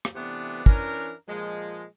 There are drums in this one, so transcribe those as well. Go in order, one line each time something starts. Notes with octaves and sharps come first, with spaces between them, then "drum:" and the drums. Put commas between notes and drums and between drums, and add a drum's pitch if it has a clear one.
drum: rim click
C3 E3 A3 B3 D4
E3 C#4 D4 A#4, drum: kick
A#2 F3 G#3